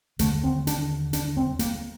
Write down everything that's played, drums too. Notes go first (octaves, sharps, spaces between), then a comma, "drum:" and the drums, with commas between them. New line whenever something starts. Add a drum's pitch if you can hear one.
D#2 D3 A3, drum: hi-hat
C4
D4, drum: hi-hat
D4, drum: hi-hat
C4
A#3, drum: hi-hat